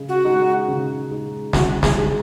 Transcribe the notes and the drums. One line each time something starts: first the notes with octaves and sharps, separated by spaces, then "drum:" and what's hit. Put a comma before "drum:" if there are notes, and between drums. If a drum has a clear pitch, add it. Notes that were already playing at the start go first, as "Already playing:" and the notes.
Already playing: C#3 G#3
F#4
G#3 D#4
C#3
G#3 D#4
C#3 F#4, drum: snare
G#4, drum: snare
G#3 D#4